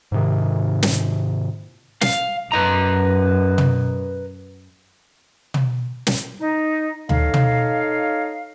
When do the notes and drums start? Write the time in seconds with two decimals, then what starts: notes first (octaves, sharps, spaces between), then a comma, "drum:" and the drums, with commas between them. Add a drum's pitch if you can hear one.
0.12 G#2 C3 D#3
0.83 drum: snare
2.01 F5, drum: snare
2.52 F#2 B4 D#5 A#5
3.58 drum: tom
5.54 drum: tom
6.07 drum: snare
6.41 D#4
7.09 D#4 A4 C#5 D#5 F5, drum: tom D2
7.34 drum: tom